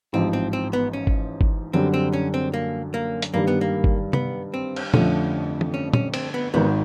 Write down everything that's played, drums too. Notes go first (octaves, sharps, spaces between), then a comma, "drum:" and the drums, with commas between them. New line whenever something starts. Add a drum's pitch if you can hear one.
A1 G#2 F3 C4
C4
C4
B3
C#4
drum: kick G1
drum: kick G1
F#2 D3 G3 C4
C4
C#4
C4
A#3
A#3
drum: hi-hat
G2 D#3 G3 A#3
B3
A#3
drum: kick G1
B3, drum: tom
C4
drum: cymbal
F2 D3 F3 A3 C#4, drum: tom
drum: tom
C#4
C#4, drum: tom
C4, drum: cymbal
B3
G#1 G#2 D#3 B3